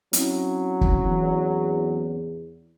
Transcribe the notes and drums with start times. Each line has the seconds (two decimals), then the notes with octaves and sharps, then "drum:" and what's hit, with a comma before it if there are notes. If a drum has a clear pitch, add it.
0.13 F#3 C4 C#4 E4, drum: hi-hat
0.81 drum: kick
1.04 E2